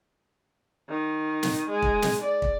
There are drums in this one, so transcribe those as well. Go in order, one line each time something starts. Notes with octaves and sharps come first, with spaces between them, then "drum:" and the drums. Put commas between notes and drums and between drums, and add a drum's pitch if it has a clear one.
D#3
drum: snare
G#3
drum: kick
drum: snare
D5
drum: kick